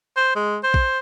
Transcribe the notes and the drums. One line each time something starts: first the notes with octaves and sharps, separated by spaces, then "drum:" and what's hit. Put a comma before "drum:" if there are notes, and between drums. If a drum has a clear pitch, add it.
C5
G#3
C5
drum: kick A#1